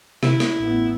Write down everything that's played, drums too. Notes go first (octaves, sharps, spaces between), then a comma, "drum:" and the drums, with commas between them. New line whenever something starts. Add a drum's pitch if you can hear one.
C3 E4, drum: rim click
drum: rim click
A1 B3